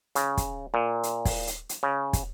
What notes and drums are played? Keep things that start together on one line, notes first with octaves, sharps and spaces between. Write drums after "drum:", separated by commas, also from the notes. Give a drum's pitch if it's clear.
C#3, drum: hi-hat
drum: kick, hi-hat
A#2
drum: hi-hat
drum: kick, open hi-hat
drum: hi-hat
drum: hi-hat
C#3
drum: kick, hi-hat